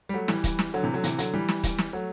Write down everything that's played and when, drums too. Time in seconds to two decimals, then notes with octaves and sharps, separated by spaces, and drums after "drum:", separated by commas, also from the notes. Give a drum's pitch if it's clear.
0.09 G3
0.14 F#3 A3
0.28 E3 G3, drum: snare
0.44 drum: kick, hi-hat
0.59 drum: snare
0.74 D3 F#3
0.83 C3 E3
0.94 D3 F#3
1.04 C3 E3, drum: hi-hat
1.18 D3 F#3, drum: hi-hat
1.34 E3 G3
1.49 drum: snare
1.64 drum: kick, hi-hat
1.78 drum: snare
1.93 F#3 A3